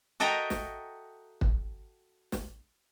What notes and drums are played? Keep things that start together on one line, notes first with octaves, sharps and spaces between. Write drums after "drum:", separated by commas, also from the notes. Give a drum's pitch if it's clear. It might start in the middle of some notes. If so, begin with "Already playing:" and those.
F#4 A4 D#5 E5 G5 A#5
drum: snare
drum: kick
drum: snare